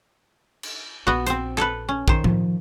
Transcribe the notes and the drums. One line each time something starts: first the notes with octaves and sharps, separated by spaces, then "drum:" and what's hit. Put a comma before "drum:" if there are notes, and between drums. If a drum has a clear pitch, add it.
drum: cymbal
A#1 B3 F#4
C4 C5, drum: hi-hat
A4 B4, drum: clap
C#4
D#3 C5, drum: kick
F3, drum: tom A2